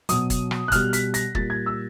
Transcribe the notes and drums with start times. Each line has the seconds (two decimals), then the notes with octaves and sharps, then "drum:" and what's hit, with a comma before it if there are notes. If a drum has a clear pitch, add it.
0.09 B2 F#3 D#6, drum: hi-hat
0.30 drum: kick, hi-hat
0.51 drum: rim click
0.68 F#6
0.72 B2 G3 F6, drum: kick, hi-hat
0.93 B6, drum: hi-hat
1.14 A#6, drum: hi-hat
1.35 A#2 G3 A6, drum: kick
1.50 G#6
1.66 E6